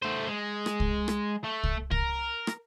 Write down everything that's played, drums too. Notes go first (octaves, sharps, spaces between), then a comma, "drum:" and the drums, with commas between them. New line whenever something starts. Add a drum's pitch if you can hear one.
A3 C5
G#3
drum: rim click
drum: kick C2
drum: rim click
A3
drum: kick C2
A#4, drum: kick C2
drum: rim click